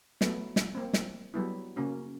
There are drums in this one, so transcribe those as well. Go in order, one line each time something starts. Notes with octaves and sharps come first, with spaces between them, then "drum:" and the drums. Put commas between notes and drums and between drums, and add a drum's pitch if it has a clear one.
F#3 A3 B3, drum: snare
drum: snare
A#3 C4
drum: snare
F#3 G3 B3 E4
C#3 A#3 C#4 F#4